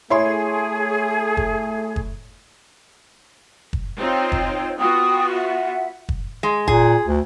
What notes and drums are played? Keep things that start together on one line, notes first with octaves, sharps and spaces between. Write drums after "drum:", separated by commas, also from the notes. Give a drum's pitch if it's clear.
A3 E4 G#4 C#5 C6
drum: kick
drum: kick
drum: kick
C4 D#4 F4 C#5 G5
drum: kick
B3 F4 F#4 G5 D#6
E5 F#5
drum: kick
G#3
A#2 G#4, drum: kick
D2